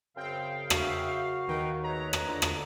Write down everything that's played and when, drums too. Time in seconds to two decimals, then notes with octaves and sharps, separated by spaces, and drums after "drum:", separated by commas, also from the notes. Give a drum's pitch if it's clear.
0.17 F#2 C#3 C4 F5 G5
0.70 F#4 B4 E5, drum: rim click
1.47 D#2 D#3 D#4 B4 G5
1.84 G#3 A3 B4 C#5 A#5
2.13 drum: rim click
2.27 D3 F4 A#5
2.42 drum: rim click